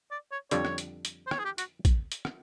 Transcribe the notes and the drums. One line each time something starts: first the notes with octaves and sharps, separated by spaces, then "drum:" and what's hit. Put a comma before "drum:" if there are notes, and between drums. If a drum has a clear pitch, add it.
D5
C#5
F2 D3 G3 C#5, drum: hi-hat
drum: rim click
drum: hi-hat
drum: hi-hat
C5
C#5, drum: rim click
G#4
G4
F#4, drum: hi-hat
drum: kick, hi-hat
drum: hi-hat
drum: rim click